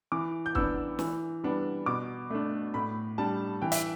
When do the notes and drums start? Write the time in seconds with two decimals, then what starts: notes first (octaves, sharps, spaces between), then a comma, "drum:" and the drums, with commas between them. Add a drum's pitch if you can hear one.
0.12 E3 D6
0.46 G6
0.55 B3 D4 E6, drum: kick
0.99 E3, drum: snare
1.44 G3 B3 D4
1.86 B2 D6
2.31 A3 D4
2.74 A2 B5
3.18 G3 D4 A5
3.62 E3 G5
3.72 E5, drum: hi-hat